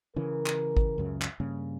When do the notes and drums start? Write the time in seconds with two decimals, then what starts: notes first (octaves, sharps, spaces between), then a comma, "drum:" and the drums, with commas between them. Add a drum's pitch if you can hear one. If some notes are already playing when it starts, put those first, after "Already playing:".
0.16 C#3 E3 A#4
0.46 drum: clap
0.77 drum: kick G#1
0.98 C#2 F#2 C#3
1.22 drum: clap
1.40 G2 C#3 A#3